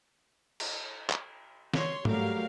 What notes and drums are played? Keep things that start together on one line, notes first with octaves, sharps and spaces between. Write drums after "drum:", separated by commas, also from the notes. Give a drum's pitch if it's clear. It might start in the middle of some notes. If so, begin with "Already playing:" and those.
drum: cymbal
drum: clap
C#5 C6, drum: snare
F#3 G3 A3 G4 A#4 F5, drum: tom